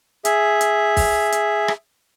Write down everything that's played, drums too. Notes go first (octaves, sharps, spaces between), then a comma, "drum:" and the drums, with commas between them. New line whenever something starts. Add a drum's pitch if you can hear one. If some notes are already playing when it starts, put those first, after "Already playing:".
G#4 E5, drum: hi-hat
drum: hi-hat
drum: kick, open hi-hat
drum: hi-hat
drum: rim click